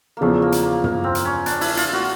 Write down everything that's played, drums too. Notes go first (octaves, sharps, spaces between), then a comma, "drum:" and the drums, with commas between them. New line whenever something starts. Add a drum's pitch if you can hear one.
E2 C#3 F3 A3 A#3
A#3
drum: hi-hat
A#3
A#3, drum: tom
C4
drum: hi-hat
C#4
D4, drum: hi-hat
E4, drum: open hi-hat
F4, drum: hi-hat
F#4, drum: snare